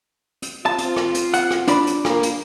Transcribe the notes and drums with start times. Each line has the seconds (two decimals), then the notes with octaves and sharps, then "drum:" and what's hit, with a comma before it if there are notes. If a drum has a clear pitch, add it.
0.42 drum: hi-hat
0.66 C4 F4 A5
0.78 drum: hi-hat
0.97 drum: rim click
1.15 drum: hi-hat
1.34 F#5, drum: hi-hat
1.51 drum: rim click
1.68 D4 D5 B5, drum: hi-hat
1.87 drum: hi-hat
2.05 A#3, drum: rim click
2.23 drum: hi-hat